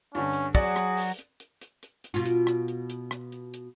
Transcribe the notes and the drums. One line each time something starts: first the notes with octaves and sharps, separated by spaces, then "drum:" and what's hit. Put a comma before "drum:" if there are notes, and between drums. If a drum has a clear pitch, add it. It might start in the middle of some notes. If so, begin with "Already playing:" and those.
G2 D3 C#4, drum: hi-hat
drum: hi-hat
F#3 F#4 G#4 D5, drum: kick, hi-hat
drum: rim click
drum: open hi-hat
drum: hi-hat
drum: hi-hat
drum: hi-hat
drum: hi-hat
drum: hi-hat
B2 F4
drum: hi-hat
drum: rim click
drum: hi-hat
drum: hi-hat
drum: rim click
drum: hi-hat
drum: hi-hat